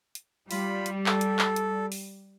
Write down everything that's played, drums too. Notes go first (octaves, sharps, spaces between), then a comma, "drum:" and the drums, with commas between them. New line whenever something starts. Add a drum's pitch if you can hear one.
drum: hi-hat
G3 F4 B5, drum: open hi-hat
drum: hi-hat
A4, drum: clap
drum: hi-hat
drum: clap
drum: hi-hat
drum: open hi-hat